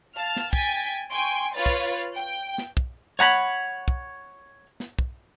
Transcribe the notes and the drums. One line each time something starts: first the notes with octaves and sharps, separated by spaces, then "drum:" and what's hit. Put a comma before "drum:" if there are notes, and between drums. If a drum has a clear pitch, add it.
F5 A5 F6
drum: snare
G5 G#5 A6 B6, drum: kick
G5 G#5 C6 C#6 D7
F4 B4 C#5 F5 A6
drum: kick
G5
drum: snare
drum: kick
C#5 F#5 A#5 B5
drum: kick
drum: snare
drum: kick